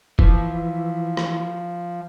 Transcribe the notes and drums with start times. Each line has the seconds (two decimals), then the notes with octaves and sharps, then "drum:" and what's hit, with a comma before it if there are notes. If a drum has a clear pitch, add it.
0.19 E3 F3, drum: kick F1
1.17 drum: rim click